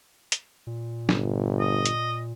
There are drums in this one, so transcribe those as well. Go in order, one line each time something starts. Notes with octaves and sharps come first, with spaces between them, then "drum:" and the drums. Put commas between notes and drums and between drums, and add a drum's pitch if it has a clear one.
drum: hi-hat
A#2
G1, drum: snare
D#5
drum: hi-hat